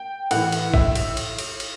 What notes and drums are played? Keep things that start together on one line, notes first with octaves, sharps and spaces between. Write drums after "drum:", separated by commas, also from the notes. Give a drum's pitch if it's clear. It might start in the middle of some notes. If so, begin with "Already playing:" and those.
Already playing: G5
A2 E3 F#5, drum: cymbal
drum: cymbal
A2 E5, drum: kick
drum: cymbal
drum: cymbal
drum: cymbal
drum: cymbal